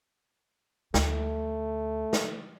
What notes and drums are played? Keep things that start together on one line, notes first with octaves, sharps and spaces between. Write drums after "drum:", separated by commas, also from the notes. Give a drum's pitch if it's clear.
D2 A3, drum: snare
drum: snare